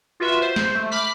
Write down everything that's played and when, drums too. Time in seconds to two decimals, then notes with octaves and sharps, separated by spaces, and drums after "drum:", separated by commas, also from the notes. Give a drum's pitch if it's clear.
0.20 F4 F#4 B4 E5
0.42 C5
0.56 drum: snare
0.75 A3
0.91 B5 D6 F6 B6